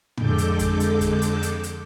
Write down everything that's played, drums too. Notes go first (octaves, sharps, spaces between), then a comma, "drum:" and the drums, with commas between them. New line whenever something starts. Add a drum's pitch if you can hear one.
F2 D3 G#3 A4 D6 G6, drum: tom A2
drum: hi-hat
drum: kick, hi-hat
drum: hi-hat
drum: kick, hi-hat
drum: hi-hat
drum: hi-hat
drum: hi-hat